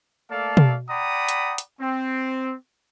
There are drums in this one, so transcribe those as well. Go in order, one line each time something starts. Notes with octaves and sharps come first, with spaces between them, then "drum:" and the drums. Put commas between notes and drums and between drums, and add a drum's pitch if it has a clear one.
A3 A#3 A4 D5 F5 A5
drum: tom
D5 F#5 G5 A#5 B5 D#6
drum: hi-hat
drum: hi-hat
C4